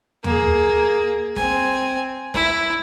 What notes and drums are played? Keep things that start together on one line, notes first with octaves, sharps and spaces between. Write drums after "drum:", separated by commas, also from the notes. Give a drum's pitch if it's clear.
A#3 G#4, drum: tom
C4 G#5, drum: snare
E4, drum: snare